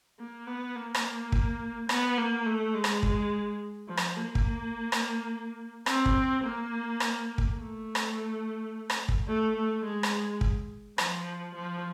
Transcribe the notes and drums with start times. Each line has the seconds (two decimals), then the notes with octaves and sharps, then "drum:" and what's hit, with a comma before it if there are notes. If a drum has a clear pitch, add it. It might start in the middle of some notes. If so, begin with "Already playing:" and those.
0.19 A#3
0.47 B3
0.75 A#3
0.95 drum: rim click
1.32 drum: kick
1.89 B3, drum: rim click
2.18 A#3
2.46 A3
2.74 G#3
2.84 drum: rim click
3.03 drum: kick
3.88 F3
3.97 drum: rim click
4.16 A#3
4.35 drum: kick
4.92 drum: rim click
5.86 C4, drum: rim click
6.06 drum: kick
6.43 A#3
7.00 drum: rim click
7.38 drum: kick
7.57 A3
7.95 drum: rim click
8.90 drum: rim click
9.09 drum: kick
9.27 A3
9.56 A3
9.84 G#3
10.03 drum: rim click
10.41 drum: kick
10.98 F3, drum: rim click
11.55 F3